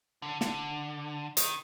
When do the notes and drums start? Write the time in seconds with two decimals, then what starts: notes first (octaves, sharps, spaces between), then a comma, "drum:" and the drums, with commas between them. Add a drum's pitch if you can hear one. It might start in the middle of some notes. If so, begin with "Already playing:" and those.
0.22 D3
0.41 D3, drum: snare
1.37 D#3, drum: hi-hat